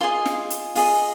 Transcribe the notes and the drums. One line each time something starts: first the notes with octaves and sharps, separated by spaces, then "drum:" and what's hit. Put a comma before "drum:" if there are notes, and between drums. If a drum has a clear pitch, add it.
F4 G#4 D#5 C6
drum: snare
drum: hi-hat
F4 G#4 D#5, drum: open hi-hat